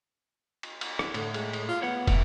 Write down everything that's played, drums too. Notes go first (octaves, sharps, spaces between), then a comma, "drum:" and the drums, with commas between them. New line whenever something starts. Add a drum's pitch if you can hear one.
drum: cymbal
drum: cymbal
drum: rim click
A2 D3, drum: cymbal
G#3, drum: cymbal
drum: cymbal
F4
B3 C#5 F#5
A2, drum: kick, cymbal